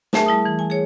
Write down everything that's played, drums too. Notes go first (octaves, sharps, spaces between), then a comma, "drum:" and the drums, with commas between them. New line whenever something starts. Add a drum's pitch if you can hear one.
A3 G#4 A#4 E5 G#5 A5, drum: snare
G3 E4 A5 D#6
E3
G#5
G#4 C#5